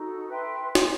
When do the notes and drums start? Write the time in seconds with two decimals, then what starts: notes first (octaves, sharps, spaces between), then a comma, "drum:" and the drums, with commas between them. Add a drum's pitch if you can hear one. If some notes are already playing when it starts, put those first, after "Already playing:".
Already playing: D#4 F#4 A4
0.28 B4 E5 G5 C6
0.75 drum: snare